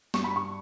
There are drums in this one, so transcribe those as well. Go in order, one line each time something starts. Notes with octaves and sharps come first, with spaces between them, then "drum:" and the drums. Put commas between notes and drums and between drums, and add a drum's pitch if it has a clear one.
G2 G3 C#6, drum: snare
B5
C#6